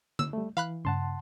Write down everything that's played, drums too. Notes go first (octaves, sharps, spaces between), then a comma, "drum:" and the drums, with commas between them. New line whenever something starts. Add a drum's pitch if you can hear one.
E6, drum: tom D3
G3 A3
E3 F5 B5 F#6
G2 C#3 F#5 A5 C6